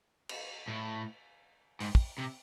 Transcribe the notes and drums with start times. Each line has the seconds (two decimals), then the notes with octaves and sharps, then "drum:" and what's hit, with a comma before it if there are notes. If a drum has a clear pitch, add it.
0.29 drum: cymbal
0.68 A2
1.80 G#2, drum: open hi-hat
1.95 drum: kick
2.18 C3